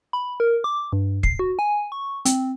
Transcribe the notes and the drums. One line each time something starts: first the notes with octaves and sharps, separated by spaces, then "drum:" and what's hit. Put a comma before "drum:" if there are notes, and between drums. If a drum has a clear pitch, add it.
B5
A#4
D6
G2
C7, drum: kick
F#4
G#5
C#6
C4, drum: hi-hat